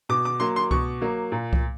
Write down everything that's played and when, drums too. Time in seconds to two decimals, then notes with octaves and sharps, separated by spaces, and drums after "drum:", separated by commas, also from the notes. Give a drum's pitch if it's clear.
0.09 B2 D6
0.25 D6
0.40 F#3 A#3 C6
0.56 C6
0.71 B2 C#6, drum: kick C2
1.01 F#3 A#3
1.32 A#2
1.53 drum: kick C2